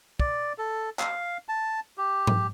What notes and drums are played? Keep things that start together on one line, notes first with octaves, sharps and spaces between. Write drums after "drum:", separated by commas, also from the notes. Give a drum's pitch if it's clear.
D5, drum: kick
A4
F5, drum: clap
A5
G4
drum: tom G#2